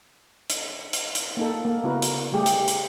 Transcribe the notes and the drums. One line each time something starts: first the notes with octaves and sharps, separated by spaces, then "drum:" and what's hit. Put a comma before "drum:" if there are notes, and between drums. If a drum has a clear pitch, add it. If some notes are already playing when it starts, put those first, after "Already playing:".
drum: hi-hat
drum: hi-hat
drum: hi-hat
A#3 D#4 A4
A#3
C#3 B3 E4 F#4 A#4 B4
drum: hi-hat
G3 A3 G4 G#4
drum: hi-hat
drum: hi-hat